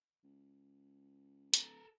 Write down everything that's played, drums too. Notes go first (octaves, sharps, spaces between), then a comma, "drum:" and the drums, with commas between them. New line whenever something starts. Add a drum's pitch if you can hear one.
C#2
D1 A4 A#4, drum: hi-hat